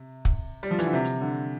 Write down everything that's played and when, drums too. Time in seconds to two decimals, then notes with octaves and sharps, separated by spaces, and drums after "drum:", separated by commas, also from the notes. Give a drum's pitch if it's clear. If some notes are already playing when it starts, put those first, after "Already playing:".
Already playing: C3
0.25 drum: kick
0.63 G3
0.71 F3
0.79 E3, drum: hi-hat
0.85 D3
0.93 C3
1.04 drum: hi-hat
1.21 D3